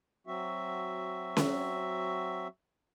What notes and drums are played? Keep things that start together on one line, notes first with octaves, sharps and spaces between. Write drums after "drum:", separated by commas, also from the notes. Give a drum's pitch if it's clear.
F#3 C4 F#4 E5
drum: snare C#4